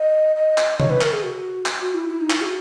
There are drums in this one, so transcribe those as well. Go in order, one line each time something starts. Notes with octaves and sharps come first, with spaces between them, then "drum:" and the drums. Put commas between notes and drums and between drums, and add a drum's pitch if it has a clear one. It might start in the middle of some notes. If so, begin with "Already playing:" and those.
Already playing: D#5
D#5
drum: clap
C#5, drum: tom C3
B4
A#4, drum: clap
G#4
F#4
drum: clap
F#4
E4
E4
D#4
E4, drum: clap
G#4
F#4